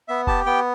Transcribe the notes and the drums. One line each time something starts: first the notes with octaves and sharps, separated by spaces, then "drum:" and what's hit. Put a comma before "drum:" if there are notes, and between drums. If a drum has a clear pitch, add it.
B3 E5
G4 A5, drum: kick F1
B3 G5